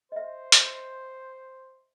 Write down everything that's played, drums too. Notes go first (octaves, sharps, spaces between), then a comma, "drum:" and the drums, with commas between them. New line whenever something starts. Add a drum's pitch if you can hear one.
C5 D#5 E5
drum: hi-hat